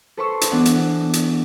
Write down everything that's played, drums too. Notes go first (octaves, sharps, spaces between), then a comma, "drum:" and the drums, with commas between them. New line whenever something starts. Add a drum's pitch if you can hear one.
A4 B4 C5 C6 C#6 E6
drum: hi-hat
E3 B3 D4 F#5
drum: hi-hat
drum: hi-hat